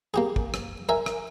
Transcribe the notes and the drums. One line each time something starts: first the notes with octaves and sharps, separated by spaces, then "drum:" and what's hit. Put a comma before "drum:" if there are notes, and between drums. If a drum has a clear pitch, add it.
A#3 G4 G#4
drum: kick
drum: rim click
A#4 E5 G#5
drum: rim click